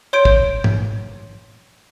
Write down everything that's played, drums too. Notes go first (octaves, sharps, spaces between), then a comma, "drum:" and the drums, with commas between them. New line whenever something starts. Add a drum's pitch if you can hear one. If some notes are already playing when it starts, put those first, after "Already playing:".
C#5 C6 G6 D7
drum: kick
drum: tom G#2